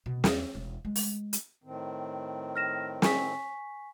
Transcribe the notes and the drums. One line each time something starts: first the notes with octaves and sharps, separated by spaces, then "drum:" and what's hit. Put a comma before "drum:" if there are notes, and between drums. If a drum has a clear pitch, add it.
B2
E2, drum: snare
E1
G#3
drum: open hi-hat
drum: hi-hat
A2 D#3 C4
F6 A#6 E7
G#5 C#6 B6, drum: snare